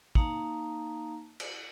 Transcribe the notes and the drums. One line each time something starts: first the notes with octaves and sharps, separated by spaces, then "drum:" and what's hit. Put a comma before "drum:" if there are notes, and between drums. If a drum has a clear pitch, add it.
A#3 D#4 F5 A5 A#5, drum: kick
drum: cymbal